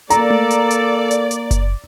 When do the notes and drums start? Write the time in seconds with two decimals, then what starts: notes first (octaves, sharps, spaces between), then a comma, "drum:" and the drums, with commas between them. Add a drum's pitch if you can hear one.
0.10 A#3 A4 D5 A#5, drum: hi-hat
0.30 drum: tom A3
0.50 drum: hi-hat
0.71 drum: hi-hat
1.11 drum: hi-hat
1.31 drum: hi-hat
1.51 drum: kick F#1, hi-hat